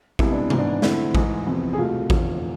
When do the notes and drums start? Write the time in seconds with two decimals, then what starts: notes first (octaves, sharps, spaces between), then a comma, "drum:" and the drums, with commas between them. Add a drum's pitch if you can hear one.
0.19 C2 C3 G#3 B3 E4, drum: kick A1
0.32 D4
0.50 G#1 G#2 E3 B3, drum: tom C3
0.58 D4
0.82 F2 D3 A3 C4 E4, drum: snare
1.15 G#2 E3 G#3, drum: kick A1
1.46 F2 C3 E3 B3
1.73 G#4
1.78 C2 B2 A3 F4
2.10 F1 E2 D3 F4, drum: kick A1